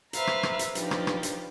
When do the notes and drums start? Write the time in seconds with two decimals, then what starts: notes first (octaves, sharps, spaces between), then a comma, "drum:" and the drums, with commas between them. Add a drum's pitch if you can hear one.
0.13 B4 C5 E5 F5 A#5, drum: hi-hat
0.27 drum: rim click
0.43 drum: rim click
0.59 drum: hi-hat
0.75 F3 D4 D#4 F4 G4 B4, drum: hi-hat
0.91 drum: rim click
1.07 drum: rim click
1.23 drum: hi-hat